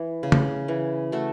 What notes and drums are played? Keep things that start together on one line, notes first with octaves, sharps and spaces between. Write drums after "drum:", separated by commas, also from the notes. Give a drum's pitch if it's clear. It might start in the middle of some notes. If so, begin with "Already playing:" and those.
Already playing: E3
C#3
drum: tom C#3
E3
A3 F#4 A4